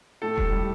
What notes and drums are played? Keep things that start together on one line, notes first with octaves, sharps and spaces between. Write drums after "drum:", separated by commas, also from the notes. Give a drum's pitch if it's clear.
A2 A4
G3, drum: kick E1
G3